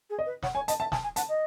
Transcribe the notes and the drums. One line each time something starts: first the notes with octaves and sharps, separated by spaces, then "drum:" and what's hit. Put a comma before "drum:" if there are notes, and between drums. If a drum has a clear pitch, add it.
G#4
D#5
B4
C#5 F#5, drum: snare
C#5 G#5
D#5 A5, drum: hi-hat
E5 A5
G#5 A5, drum: snare
G#5
F#5 A5, drum: hi-hat
D#5